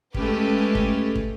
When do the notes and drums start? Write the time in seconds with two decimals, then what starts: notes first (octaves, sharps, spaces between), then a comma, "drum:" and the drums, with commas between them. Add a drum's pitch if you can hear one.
0.14 G#3 A3 C#4 G4 B4, drum: kick
0.75 drum: kick
1.15 drum: kick